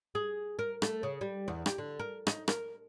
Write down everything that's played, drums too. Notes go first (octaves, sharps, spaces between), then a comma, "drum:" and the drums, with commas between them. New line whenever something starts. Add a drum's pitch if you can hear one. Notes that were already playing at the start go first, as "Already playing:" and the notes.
G#4
A#4
A3, drum: rim click
C#3
G3
E2
G4, drum: rim click
D3
A#4
D#4, drum: rim click
A#4, drum: rim click